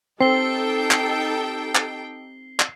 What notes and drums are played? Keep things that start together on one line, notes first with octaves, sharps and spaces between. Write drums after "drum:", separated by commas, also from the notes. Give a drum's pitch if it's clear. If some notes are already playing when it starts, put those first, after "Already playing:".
C4 D#4 G4 A4 G5 C7 G7
drum: clap
drum: clap
drum: clap